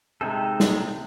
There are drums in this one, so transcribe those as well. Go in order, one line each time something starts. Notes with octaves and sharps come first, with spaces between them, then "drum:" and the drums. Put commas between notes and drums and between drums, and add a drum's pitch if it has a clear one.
C3 G#3 D#4 A4
drum: snare